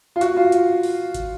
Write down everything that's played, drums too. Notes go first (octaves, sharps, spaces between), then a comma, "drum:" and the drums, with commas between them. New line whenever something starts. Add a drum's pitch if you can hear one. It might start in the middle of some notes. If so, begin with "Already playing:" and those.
F4
F#4, drum: hi-hat
F4
drum: hi-hat
drum: open hi-hat
drum: kick G#1, hi-hat